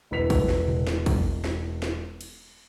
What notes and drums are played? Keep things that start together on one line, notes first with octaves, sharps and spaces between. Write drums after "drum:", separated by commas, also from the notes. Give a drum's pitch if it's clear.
E1 E4 B4 B6 F7
drum: kick, cymbal
drum: snare
drum: tom A#2
drum: snare
drum: kick, cymbal
drum: snare
drum: snare
drum: cymbal